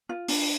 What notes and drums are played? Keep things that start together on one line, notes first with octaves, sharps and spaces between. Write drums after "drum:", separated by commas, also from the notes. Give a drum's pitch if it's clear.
F4
D4, drum: open hi-hat